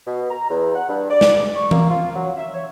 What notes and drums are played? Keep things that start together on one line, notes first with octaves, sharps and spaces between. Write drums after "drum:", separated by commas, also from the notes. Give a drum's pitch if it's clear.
B2
A#5
E2
F#5
G2
D5
drum: snare
C#6
A#3, drum: tom E3
F4
F#3
E5
C#5